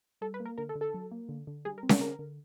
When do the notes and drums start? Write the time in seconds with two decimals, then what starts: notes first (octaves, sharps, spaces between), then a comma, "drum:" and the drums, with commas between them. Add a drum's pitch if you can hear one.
0.21 G3 A4
0.34 B4
0.40 A#3
0.46 A#4
0.58 D3 A#4
0.69 A4
0.75 D3
0.81 A4
0.94 F#3
1.11 A#3
1.29 D3
1.47 D3
1.65 G3 G#4
1.78 A#4
1.83 C4
1.89 A#4, drum: snare C#4
2.01 D3 A#4
2.19 D3